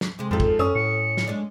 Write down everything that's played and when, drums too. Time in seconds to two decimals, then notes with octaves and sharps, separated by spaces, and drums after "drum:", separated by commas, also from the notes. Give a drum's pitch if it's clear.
0.01 drum: snare
0.19 C3 G#3
0.31 F2 G#2 F3 G4 A4
0.40 drum: kick
0.59 F#2 C#4 D#6
0.75 A2 C#7
1.17 drum: snare
1.27 G#3 D4